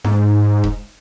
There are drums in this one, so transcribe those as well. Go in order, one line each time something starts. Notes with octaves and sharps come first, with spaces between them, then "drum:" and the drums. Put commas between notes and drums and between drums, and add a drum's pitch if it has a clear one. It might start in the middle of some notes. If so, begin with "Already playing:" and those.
G#2, drum: snare E4
drum: kick E1